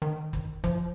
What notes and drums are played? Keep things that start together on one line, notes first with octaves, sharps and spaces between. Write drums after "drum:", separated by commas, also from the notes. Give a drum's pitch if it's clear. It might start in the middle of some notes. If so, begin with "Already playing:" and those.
D#3
drum: kick, hi-hat
F3, drum: kick, hi-hat